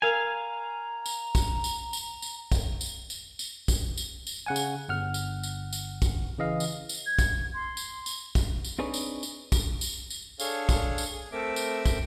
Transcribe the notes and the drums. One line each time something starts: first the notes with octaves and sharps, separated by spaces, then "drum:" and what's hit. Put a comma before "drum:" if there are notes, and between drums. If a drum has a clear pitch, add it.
A#4 F5 G#5 A#5 F7
drum: tambourine
drum: kick, tambourine
drum: tambourine
drum: tambourine
drum: tambourine
drum: kick, tambourine
drum: tambourine
drum: tambourine
drum: tambourine
drum: kick, tambourine
drum: tambourine
drum: tambourine
C#3 F#5 G#5
drum: tambourine
G1 F#5 F6
drum: tambourine
drum: tambourine
drum: tambourine
drum: kick, tambourine
C#3 E3 D#5 F5
drum: tambourine
drum: tambourine
G#6
drum: kick, tambourine
C6
drum: tambourine
drum: tambourine
drum: kick, tambourine
drum: tambourine
C4 D4 D#4 G#4 B4 C#5
drum: tambourine
drum: tambourine
drum: kick, tambourine
drum: tambourine
drum: tambourine
D4 G#4 A4 C#5 F5, drum: tambourine
drum: kick, tambourine
drum: tambourine
G#4
A3 C4 A4 A#4 E5 D6
drum: tambourine
drum: kick, tambourine